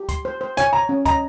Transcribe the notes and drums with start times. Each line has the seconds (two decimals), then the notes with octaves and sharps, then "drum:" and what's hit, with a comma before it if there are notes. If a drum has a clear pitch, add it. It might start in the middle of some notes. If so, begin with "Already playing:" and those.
Already playing: G4
0.09 C6, drum: kick, hi-hat
0.25 C5
0.41 C5
0.57 C#5 G#5, drum: hi-hat
0.73 G#5 A#5
0.89 C#4
1.06 D#5 A#5, drum: kick, hi-hat